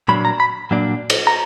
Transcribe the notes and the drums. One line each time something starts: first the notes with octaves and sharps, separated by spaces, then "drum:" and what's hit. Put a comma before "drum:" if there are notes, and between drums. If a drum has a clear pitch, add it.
A#2 F#3 A#3 D4 B5
A#5
B5
A#2 F#3 A#3 D4
drum: cymbal
A#5